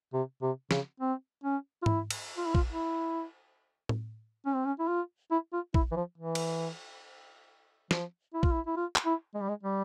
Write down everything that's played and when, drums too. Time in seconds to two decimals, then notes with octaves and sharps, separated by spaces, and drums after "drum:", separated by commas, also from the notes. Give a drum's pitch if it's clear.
0.13 C3
0.42 C3
0.71 C#3, drum: snare
1.00 C4
1.43 C#4
1.83 F4
1.86 E4, drum: tom G#2
2.11 drum: cymbal
2.37 F4
2.46 E4
2.55 F4, drum: kick
2.72 E4
3.89 drum: tom A2
4.46 C#4
4.55 C4
4.65 C#4
4.79 E4
4.88 F4
5.31 E4
5.53 F4
5.74 E4, drum: kick
5.91 E3
5.96 F3
6.18 E3
6.35 drum: cymbal
7.91 F3, drum: snare
8.34 E4
8.43 F4, drum: kick
8.53 E4
8.66 E4
8.76 F4
8.96 drum: clap
9.05 E4
9.34 G#3
9.42 G3
9.49 G#3
9.63 G3